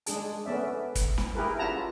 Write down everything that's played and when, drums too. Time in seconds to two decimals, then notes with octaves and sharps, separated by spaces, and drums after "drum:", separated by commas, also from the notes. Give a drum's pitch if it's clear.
0.06 G#3 D4 G#4 A5, drum: hi-hat
0.45 A3 B3 C#4 D5 E5
0.95 drum: kick, hi-hat
1.18 drum: snare
1.35 E4 G4 G#4 A#4 B4
1.59 C#4 F4 E5 F#5 A5 A#5